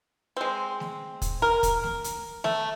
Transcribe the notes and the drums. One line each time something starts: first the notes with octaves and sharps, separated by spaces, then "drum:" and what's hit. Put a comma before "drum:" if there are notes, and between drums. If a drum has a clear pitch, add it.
G#3 C4
drum: snare A3
drum: kick, hi-hat
A#4
drum: kick, hi-hat
drum: snare A3
drum: hi-hat
A3, drum: snare A3